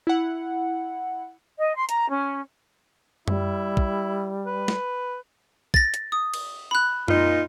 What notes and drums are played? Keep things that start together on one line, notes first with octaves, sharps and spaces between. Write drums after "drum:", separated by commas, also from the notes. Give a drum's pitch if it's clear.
E4 F#5
D#5
C6
A#5, drum: hi-hat
C#4
G3 E4, drum: tom F#2
drum: kick
B4
drum: snare
A6 A#6, drum: kick
drum: hi-hat
D#6
drum: cymbal
B5 F#6
A#2 D#4 F4, drum: tom F#2